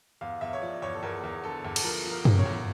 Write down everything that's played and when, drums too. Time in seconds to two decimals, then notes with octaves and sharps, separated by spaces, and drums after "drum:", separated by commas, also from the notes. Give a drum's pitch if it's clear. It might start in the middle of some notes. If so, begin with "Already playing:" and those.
0.21 E2 F5
0.41 E2 E5
0.53 C#5
0.62 F3 D5
0.82 E2 C#5
0.94 A4
1.03 E2 A#4
1.24 E2
1.44 D3 A4
1.65 E2
1.76 A4, drum: cymbal
1.84 F3 A#4
2.04 F3
2.11 A#4
2.25 E2, drum: tom F#2
2.39 C#5
2.46 E2